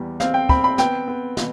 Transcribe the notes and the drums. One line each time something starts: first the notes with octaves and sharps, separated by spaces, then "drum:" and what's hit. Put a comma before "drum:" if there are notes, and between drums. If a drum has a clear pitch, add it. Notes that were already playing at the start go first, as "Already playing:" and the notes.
Already playing: E2 G3
C4 F5, drum: snare
G5
C4 B5, drum: kick
B5
B3 G5, drum: snare
B3
B2, drum: snare